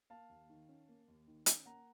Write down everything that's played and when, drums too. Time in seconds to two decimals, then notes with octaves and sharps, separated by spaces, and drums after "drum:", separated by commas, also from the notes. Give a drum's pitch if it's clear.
0.10 A#3 F5 A5
0.29 D#2
0.50 D#3
0.69 C#4
0.88 A#3
1.08 D#2
1.28 D#3
1.46 C#4, drum: hi-hat
1.65 A#3 F#5 A#5